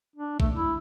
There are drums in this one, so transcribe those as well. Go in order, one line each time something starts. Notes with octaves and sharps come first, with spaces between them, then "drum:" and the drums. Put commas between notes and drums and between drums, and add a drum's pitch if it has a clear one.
D4
A3, drum: kick A#1
E4